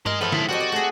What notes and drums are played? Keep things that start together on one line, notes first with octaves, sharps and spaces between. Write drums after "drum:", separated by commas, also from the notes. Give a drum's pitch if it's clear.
G#3 A#4 D#5, drum: tom G2
A2 F3 B3 E4 A4
G#3 E4, drum: snare
G3 C4 F#4 D#5
D5
A3 G#4